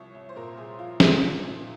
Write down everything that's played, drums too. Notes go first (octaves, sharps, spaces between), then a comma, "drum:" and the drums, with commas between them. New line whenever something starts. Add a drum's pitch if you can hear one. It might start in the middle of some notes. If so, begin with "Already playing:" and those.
Already playing: C2 F3 C#5
C2
C5
A#2 A#4
C2 G#4
F3 F4
C2 D#4, drum: snare
C2
A#2